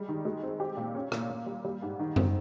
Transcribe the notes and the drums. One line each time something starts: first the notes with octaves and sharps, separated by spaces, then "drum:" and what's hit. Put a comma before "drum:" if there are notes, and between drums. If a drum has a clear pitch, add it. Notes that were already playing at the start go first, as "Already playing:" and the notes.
Already playing: G3 G#3
D#3
G#3
C4
G4
A#2
C#4
A#2, drum: rim click
A#2
G3
G3
G#2
D#3
C4, drum: tom F#2